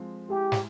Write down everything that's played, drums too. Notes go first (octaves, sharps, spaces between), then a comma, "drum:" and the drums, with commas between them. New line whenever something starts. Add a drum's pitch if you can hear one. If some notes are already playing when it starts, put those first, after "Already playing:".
Already playing: F3 G#3 C4
G#3 E4 G4 G#4
drum: snare